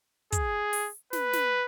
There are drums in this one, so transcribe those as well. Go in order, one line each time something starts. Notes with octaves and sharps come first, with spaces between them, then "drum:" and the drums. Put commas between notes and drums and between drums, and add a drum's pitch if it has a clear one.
G#4, drum: kick, hi-hat
drum: open hi-hat
B4, drum: snare
drum: snare